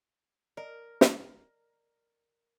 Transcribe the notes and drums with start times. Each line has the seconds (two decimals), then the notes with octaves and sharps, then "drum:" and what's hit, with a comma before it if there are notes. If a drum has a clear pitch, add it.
0.57 A#4 D5 D#5
1.01 drum: snare